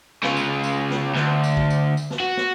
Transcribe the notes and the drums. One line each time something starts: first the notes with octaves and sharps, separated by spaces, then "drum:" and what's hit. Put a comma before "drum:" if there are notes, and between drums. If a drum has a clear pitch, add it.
C#3 F4, drum: snare
drum: tambourine
drum: tambourine
drum: snare
D2, drum: snare
drum: tambourine
drum: kick
drum: tambourine
drum: tambourine
drum: snare
F#4
drum: snare